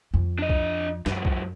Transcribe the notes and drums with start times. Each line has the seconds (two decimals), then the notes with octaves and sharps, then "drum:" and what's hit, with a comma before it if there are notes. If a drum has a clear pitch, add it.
0.14 F2
0.39 D4 D#5
0.49 drum: kick
1.06 F#2 E3 F#3, drum: snare
1.25 drum: kick